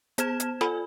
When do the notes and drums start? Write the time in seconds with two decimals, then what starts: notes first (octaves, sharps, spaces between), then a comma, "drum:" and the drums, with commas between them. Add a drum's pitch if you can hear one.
0.18 B3 C5 A5 F6 G#6 E7, drum: hi-hat
0.40 drum: hi-hat
0.61 F4 A4 G#5 B5, drum: snare